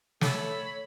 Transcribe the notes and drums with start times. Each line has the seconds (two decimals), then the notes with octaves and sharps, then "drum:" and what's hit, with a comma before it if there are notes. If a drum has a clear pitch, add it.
0.21 A3 A4 C#5 B5, drum: snare